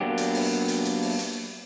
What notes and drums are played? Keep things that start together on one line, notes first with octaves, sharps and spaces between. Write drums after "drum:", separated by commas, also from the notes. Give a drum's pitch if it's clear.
F#3 A#3 B3 D4 G4
drum: hi-hat
drum: open hi-hat
drum: hi-hat
drum: hi-hat
drum: open hi-hat
drum: hi-hat